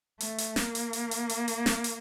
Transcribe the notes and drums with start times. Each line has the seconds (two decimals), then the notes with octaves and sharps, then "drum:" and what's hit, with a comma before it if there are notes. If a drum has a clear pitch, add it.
0.20 A3, drum: hi-hat
0.38 drum: hi-hat
0.56 A#3, drum: snare
0.75 drum: hi-hat
0.93 drum: hi-hat
1.11 drum: hi-hat
1.29 drum: hi-hat
1.48 drum: hi-hat
1.66 drum: snare
1.84 drum: hi-hat